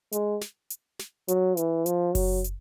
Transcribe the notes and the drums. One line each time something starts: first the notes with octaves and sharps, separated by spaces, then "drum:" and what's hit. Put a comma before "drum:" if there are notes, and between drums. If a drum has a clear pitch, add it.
G#3, drum: hi-hat
drum: snare
drum: hi-hat
drum: snare
F#3, drum: hi-hat
E3, drum: hi-hat
F3, drum: hi-hat
F#3, drum: kick F#1, open hi-hat
drum: hi-hat